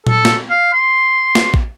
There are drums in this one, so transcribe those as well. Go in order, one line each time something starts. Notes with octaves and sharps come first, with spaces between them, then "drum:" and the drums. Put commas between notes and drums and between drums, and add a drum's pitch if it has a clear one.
A4, drum: tom A#2
drum: snare
F5
C6
drum: snare
drum: kick A1